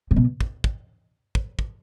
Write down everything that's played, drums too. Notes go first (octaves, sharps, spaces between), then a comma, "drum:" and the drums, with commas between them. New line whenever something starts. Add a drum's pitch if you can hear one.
A2
B2
drum: kick
drum: kick
drum: kick
drum: kick